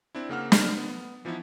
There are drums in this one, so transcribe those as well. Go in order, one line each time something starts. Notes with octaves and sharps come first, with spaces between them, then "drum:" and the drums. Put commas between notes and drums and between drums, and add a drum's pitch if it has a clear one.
C4 D4 E4
C#3 A#3 F#5 F6
drum: snare
B3
E3 F3 B3 D#4 E4